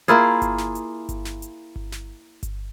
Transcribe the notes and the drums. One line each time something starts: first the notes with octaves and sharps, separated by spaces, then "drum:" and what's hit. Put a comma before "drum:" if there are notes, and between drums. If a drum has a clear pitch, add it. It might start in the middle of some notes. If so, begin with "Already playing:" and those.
A#3 E4 F4 G#4, drum: hi-hat
drum: kick G1, hi-hat
drum: snare
drum: hi-hat
drum: kick G1, hi-hat
drum: snare
drum: hi-hat
drum: kick G1
drum: snare
drum: kick G1, hi-hat